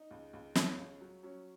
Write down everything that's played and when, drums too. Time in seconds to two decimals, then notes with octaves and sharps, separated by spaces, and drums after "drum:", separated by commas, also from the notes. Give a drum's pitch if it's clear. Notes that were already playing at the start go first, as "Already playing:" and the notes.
Already playing: D#4
0.11 C#2
0.33 C#2
0.55 C#2 C#4, drum: snare
0.78 C#2
1.01 F#3
1.23 F#3 C#4